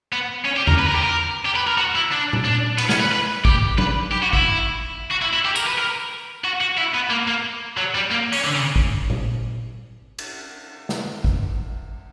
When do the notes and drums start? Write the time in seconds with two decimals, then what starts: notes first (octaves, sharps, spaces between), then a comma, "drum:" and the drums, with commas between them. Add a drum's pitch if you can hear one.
0.12 B3
0.45 C#4
0.56 G4
0.67 A#4, drum: tom E2
0.78 B4
0.87 A#4
0.95 G4
1.03 A#4
1.46 G4
1.56 B4
1.67 A#4
1.78 F#4
1.95 E4
2.11 D4
2.33 drum: tom A#2
2.45 D4
2.78 B3, drum: cymbal
2.89 C#4, drum: snare
3.00 B4
3.12 B4
3.45 G4, drum: kick G#1
3.78 B4, drum: tom
4.11 G4
4.22 F#4
4.33 E4, drum: kick G#1
5.11 F#4
5.22 E4
5.33 E4
5.45 G4
5.56 A#4, drum: tambourine
5.66 B4
5.78 A#4
6.44 F#4
6.61 F#4
6.78 E4
6.94 B3
7.10 A#3
7.28 A#3
7.77 F#3
7.95 G3
8.11 A#3
8.33 C#4, drum: open hi-hat
8.44 D3
8.55 C#3
8.76 drum: kick G#1
9.10 drum: tom A#2
10.19 drum: cymbal
10.89 drum: snare
11.24 drum: kick G#1